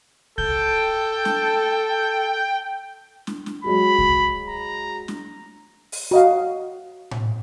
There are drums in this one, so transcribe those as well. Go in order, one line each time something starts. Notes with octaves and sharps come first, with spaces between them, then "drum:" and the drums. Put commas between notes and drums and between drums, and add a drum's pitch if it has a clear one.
A4 G5, drum: kick C2
drum: snare
drum: snare
drum: snare
F#3 G#3 F#4 B5
drum: kick C2
A#5
drum: snare
drum: open hi-hat
F#4 D#5 F5
drum: tom A2